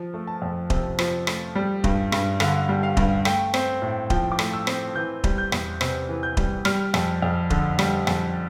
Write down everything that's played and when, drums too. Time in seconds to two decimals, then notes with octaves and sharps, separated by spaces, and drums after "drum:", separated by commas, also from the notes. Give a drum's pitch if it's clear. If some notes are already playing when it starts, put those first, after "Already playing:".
Already playing: F3
0.14 A3
0.27 A5
0.42 F2
0.70 C3, drum: kick D#1
0.99 F3, drum: rim click
1.27 A3, drum: rim click
1.56 G3
1.84 G2, drum: kick D#1
2.12 G2, drum: rim click
2.40 D3 F5, drum: rim click
2.69 G3
2.83 F5
2.97 G2, drum: kick D#1
3.25 A3 G5, drum: rim click
3.54 C4, drum: rim click
3.82 A2
4.10 F3 G5, drum: kick D#1
4.32 D6
4.39 A3, drum: rim click
4.53 E6
4.67 C4, drum: rim click
4.95 E3 G6
5.24 G3, drum: kick D#1
5.38 G6
5.52 E2, drum: rim click
5.81 C3, drum: rim click
6.09 E3
6.23 G6
6.37 G3, drum: kick D#1
6.65 G3 F6, drum: rim click
6.94 F2, drum: rim click
7.22 F2
7.50 D3, drum: kick D#1
7.79 G3, drum: rim click
8.07 F2, drum: rim click